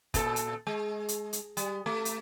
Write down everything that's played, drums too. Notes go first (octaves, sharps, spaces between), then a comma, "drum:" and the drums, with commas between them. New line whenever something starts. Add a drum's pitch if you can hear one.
A#2 A4, drum: kick, hi-hat
drum: hi-hat
G#3
drum: hi-hat
drum: hi-hat
G3, drum: hi-hat
A3
drum: hi-hat